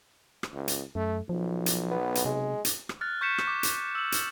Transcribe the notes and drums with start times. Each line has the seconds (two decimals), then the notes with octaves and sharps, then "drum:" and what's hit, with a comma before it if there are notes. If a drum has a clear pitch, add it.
0.43 drum: rim click
0.53 C#2
0.68 drum: hi-hat
0.95 F#2 A3
1.29 B1 F3
1.66 drum: hi-hat
1.91 B3
2.15 drum: hi-hat
2.25 C3 G#3
2.65 drum: hi-hat
2.89 drum: rim click
3.01 F6 F#6 A6
3.21 C#6 G6 B6 C#7 E7
3.38 drum: rim click
3.47 D6
3.63 drum: hi-hat
3.95 E6 F#7
4.12 drum: hi-hat